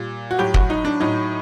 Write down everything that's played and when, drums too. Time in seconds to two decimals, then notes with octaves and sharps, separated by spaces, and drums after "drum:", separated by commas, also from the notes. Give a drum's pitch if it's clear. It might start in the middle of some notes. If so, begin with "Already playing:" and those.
Already playing: A#2 G3
0.31 F#4
0.38 A2 F#3 G4
0.54 F#4, drum: kick
0.70 D#4
0.85 D4
1.00 A2 F#3 D#4